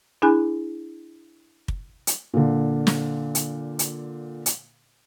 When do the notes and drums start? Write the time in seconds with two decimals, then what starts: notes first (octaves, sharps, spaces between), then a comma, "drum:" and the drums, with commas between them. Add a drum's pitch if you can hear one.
0.22 D4 E4 G#4 G#5 B5 F#6
1.68 drum: kick
2.07 drum: hi-hat
2.34 A#2 D3
2.87 drum: snare
3.35 drum: hi-hat
3.79 drum: hi-hat
4.46 drum: hi-hat